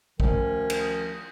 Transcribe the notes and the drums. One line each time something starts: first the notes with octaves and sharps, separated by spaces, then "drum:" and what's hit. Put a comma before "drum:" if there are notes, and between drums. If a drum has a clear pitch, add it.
D2 D#3 F3 C#4, drum: kick
drum: cymbal